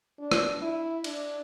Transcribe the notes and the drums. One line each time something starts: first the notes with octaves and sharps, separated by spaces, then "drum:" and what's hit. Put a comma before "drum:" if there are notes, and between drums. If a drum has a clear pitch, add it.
D4
drum: rim click
E4
D4, drum: cymbal